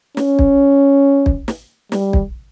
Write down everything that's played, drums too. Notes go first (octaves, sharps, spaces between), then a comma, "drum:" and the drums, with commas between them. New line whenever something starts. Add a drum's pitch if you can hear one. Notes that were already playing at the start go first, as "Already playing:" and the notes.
C#4, drum: snare
drum: kick
drum: kick
drum: snare
G3, drum: snare
drum: kick